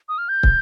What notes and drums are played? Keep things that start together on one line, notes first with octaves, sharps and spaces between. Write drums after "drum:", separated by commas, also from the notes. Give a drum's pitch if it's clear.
D#6
F6
G6
drum: kick